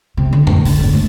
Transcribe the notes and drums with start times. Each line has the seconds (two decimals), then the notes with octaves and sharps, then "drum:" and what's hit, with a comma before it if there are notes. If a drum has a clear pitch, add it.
0.17 C3
0.33 D3
0.47 A2, drum: tom F2
0.65 D3, drum: open hi-hat
0.80 G1
0.94 A3